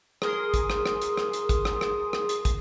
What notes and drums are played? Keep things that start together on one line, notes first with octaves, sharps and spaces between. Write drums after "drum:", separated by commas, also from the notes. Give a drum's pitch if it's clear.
G#4 A#4 C6 D#6, drum: rim click
drum: kick, hi-hat
drum: rim click
drum: rim click
drum: hi-hat
drum: rim click
drum: hi-hat
drum: kick, hi-hat
drum: rim click
drum: rim click
drum: rim click
drum: hi-hat
drum: kick, hi-hat